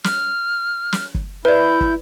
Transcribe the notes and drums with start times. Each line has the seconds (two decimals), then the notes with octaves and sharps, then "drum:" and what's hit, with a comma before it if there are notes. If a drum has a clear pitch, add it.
0.04 F6, drum: snare
0.92 drum: snare
1.15 drum: kick
1.45 E4 B4 D5 G6
1.81 drum: kick